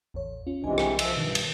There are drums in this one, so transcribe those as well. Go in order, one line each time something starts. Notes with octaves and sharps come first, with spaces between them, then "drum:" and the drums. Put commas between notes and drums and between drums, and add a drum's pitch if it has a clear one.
A1 E2 C#5
C#4 F4
B1 C3 E3 G#3 D4 G#5
drum: rim click
F3 E5, drum: cymbal
G2 B2 D#3
drum: cymbal